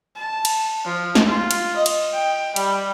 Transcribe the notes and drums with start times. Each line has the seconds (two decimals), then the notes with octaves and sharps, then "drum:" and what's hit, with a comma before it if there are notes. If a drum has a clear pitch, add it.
0.16 A5
0.45 drum: cymbal
0.84 F3
1.15 drum: snare
1.25 F4
1.51 drum: cymbal
1.76 D#5
1.86 drum: cymbal
2.13 G5
2.56 G3, drum: cymbal